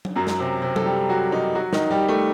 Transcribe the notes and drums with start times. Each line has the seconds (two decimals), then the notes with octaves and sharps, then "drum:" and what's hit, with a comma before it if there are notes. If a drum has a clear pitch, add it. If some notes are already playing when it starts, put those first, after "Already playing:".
0.05 drum: tom F#3
0.16 F#2 F#3
0.27 drum: snare
0.39 C3 C4
0.62 C3 C4
0.76 A4, drum: tom F#3
0.85 G3 G4
1.09 F#3 F#4
1.32 D#3 D#4
1.55 F#3 F#4
1.73 D#3 D#4, drum: snare
1.90 G3 G4
2.08 A3 A4